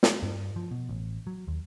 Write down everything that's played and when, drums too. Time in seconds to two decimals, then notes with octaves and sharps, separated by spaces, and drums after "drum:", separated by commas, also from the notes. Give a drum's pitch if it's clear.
0.03 drum: snare
0.23 G2
0.56 F3
0.71 B2
0.89 A1
1.27 F#3
1.48 D#2